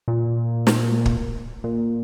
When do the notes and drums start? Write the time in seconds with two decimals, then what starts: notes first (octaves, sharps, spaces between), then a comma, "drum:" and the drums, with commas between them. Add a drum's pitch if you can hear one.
0.08 A#2
0.67 drum: snare
1.06 drum: kick
1.64 A#2